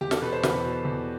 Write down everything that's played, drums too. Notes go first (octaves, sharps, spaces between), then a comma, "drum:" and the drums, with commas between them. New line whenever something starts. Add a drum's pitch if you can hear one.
E2 G4
A4, drum: snare
B2 B4
C5
E2 B4, drum: snare
B2
E2